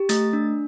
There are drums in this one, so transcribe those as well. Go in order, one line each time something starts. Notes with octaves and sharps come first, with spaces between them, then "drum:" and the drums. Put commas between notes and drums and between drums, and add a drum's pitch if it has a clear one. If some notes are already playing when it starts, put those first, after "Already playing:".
Already playing: G4
A3 A6, drum: hi-hat
D4